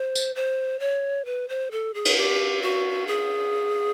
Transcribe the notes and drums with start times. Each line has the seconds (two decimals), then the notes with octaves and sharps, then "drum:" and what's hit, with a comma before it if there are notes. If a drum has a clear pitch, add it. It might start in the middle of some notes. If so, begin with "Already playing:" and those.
Already playing: C5
0.15 drum: tambourine
0.36 C5
0.80 C#5
1.25 B4
1.49 C5
1.71 A4
1.94 G#4
2.05 drum: cymbal
2.17 G4
2.62 F#4
3.07 G#4